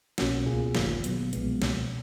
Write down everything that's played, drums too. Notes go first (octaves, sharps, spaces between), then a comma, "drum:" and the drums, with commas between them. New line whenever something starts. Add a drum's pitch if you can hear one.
B1 B2 A#3 C#4 F#4, drum: snare
C#2 B2 A#3 F4 G#4
G#1 F#2 D#3 A#3 F4, drum: snare
B2 F#3 B3, drum: hi-hat
B1 A#2 F3 G#3 B3, drum: hi-hat
C#2 B2 A#3, drum: snare